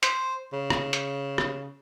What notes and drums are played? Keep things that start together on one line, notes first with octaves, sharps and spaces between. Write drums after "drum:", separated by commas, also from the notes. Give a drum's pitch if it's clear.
C5, drum: hi-hat
C#3
drum: rim click
drum: hi-hat
drum: rim click